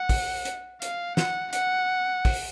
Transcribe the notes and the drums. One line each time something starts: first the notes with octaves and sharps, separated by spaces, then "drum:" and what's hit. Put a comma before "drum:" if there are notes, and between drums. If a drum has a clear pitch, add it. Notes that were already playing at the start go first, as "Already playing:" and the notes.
Already playing: F#5
drum: kick, open hi-hat
drum: hi-hat
F5, drum: hi-hat
F#5, drum: snare
F#5, drum: hi-hat
drum: kick, open hi-hat